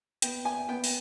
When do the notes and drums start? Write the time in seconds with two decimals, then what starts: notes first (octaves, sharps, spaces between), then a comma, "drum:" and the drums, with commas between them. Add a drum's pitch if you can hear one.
0.22 B3 G5, drum: hi-hat
0.45 G#5
0.68 B3 G5
0.84 drum: open hi-hat